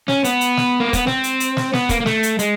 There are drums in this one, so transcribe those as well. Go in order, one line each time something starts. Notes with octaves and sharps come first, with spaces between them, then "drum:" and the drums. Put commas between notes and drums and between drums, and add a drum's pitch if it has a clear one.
C#4, drum: snare
B3, drum: hi-hat
drum: hi-hat
drum: snare
A#3
B3, drum: kick, hi-hat
C4, drum: snare
drum: hi-hat
drum: hi-hat
drum: snare
B3, drum: snare
A#3, drum: kick, hi-hat
A#3
A3, drum: snare
drum: hi-hat
G#3, drum: hi-hat